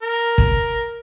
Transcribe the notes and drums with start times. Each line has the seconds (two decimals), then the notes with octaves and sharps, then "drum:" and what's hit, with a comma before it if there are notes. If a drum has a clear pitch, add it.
0.03 A#4
0.38 drum: kick